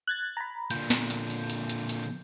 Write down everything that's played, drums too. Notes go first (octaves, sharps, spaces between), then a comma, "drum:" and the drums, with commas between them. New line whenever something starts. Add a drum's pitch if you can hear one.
F#6 G#6 A6
A#5 B5
A#2 D3 G6, drum: hi-hat
drum: snare
drum: hi-hat
drum: open hi-hat
drum: hi-hat
drum: hi-hat
drum: hi-hat